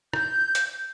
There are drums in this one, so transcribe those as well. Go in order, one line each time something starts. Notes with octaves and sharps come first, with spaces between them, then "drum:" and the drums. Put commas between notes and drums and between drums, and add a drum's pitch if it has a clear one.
G6, drum: rim click
drum: hi-hat